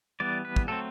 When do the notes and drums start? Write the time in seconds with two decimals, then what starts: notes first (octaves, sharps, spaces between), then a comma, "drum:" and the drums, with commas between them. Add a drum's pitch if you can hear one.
0.20 E3 G3 B3 D5
0.45 B4
0.56 drum: kick
0.68 F#3 A3 C4 A4